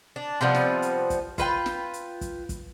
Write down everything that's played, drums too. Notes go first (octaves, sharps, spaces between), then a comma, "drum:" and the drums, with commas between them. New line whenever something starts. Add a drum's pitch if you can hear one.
D4
C3 F3 G3 B3
drum: snare
drum: hi-hat
drum: kick, hi-hat
F4 B4 G5, drum: kick, hi-hat
drum: snare
drum: hi-hat
drum: kick, hi-hat
drum: kick, hi-hat